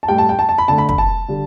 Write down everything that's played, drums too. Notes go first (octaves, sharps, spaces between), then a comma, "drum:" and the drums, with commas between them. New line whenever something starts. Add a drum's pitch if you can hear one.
A5
A2 G3 G5
A5
G5
A5
A5
B5
D3 A3 A5
B5
B5, drum: kick
A5
D3 G3